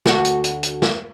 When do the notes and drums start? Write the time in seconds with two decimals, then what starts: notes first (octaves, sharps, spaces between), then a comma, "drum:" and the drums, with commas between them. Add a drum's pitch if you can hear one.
0.06 D2 F#4, drum: snare
0.25 drum: hi-hat
0.44 drum: hi-hat
0.63 drum: hi-hat
0.82 drum: snare